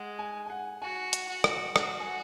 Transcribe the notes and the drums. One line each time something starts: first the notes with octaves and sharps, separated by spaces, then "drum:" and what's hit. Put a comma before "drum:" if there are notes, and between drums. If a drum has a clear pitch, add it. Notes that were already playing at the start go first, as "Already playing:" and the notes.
Already playing: G#3 F#5
G#5
G#5
F#5
F#4 G#5
drum: hi-hat
F#4
drum: rim click
F#4 F#5, drum: rim click
G#5
F#5